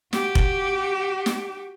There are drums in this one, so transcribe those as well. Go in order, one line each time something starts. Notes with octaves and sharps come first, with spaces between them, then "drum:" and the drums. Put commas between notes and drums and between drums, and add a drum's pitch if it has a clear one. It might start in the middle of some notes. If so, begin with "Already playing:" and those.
F#4 G4, drum: snare
drum: kick F1
drum: snare